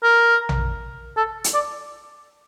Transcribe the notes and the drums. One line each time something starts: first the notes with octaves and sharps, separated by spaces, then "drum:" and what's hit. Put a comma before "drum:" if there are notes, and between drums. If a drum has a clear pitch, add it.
A#4
drum: tom A#1
A4
drum: hi-hat
D5